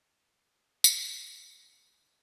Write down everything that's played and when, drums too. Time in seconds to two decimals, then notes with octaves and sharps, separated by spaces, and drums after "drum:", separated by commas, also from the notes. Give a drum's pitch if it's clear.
0.21 D#6 C7
0.84 drum: tambourine